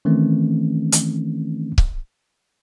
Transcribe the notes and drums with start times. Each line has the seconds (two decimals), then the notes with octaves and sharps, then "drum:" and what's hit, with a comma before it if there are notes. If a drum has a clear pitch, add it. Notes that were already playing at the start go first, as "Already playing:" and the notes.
0.05 D#3 E3 A3 C4 C#4
0.92 drum: hi-hat
1.78 drum: kick C#1